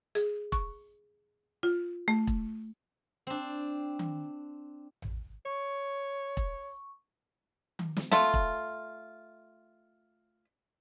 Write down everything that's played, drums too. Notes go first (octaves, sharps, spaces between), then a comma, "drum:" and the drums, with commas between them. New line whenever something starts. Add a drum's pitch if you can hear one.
G#4, drum: hi-hat
C#6, drum: kick E1
F4
A3
drum: kick E1
C4 D4
drum: tom D#3
drum: tom A1
C#5 C#6
drum: kick E1
drum: tom D#3
drum: snare
A3 F4, drum: snare
drum: kick E1